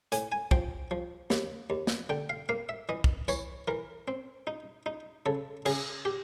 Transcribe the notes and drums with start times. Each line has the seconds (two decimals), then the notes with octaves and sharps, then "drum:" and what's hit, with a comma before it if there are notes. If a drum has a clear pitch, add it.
0.12 A2 G#5, drum: hi-hat
0.32 G#5
0.51 F3 G5, drum: kick
0.91 F3
1.30 D#2, drum: snare
1.70 D#2
1.87 drum: snare
2.09 D3 G5
2.30 F5
2.49 A#3 F5
2.69 E5
2.89 E3 D#5
3.04 drum: kick
3.28 E3 C#5, drum: tambourine
3.68 E3 A#4
4.08 C4
4.47 D#4
4.86 D#4
5.26 C#3 A4
5.66 C#3 G#4, drum: cymbal
6.05 G4